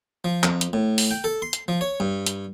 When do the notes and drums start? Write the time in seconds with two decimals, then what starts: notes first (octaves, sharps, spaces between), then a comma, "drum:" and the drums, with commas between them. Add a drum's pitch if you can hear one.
0.24 F3
0.43 F2, drum: clap
0.61 drum: hi-hat
0.73 A2
0.98 drum: open hi-hat
1.11 G5
1.24 A4
1.42 C6
1.53 drum: hi-hat
1.68 F3
1.81 C#5
2.00 G2
2.26 drum: hi-hat